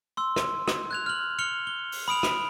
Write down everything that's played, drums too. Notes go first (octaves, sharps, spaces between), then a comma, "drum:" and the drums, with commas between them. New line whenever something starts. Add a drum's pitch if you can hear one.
C6 E6
drum: rim click
drum: rim click
F#6 G#6 F7
F6 F#7
F6 C#7 F7 G7
G7
drum: open hi-hat
B5 D#6 D7 F7
drum: rim click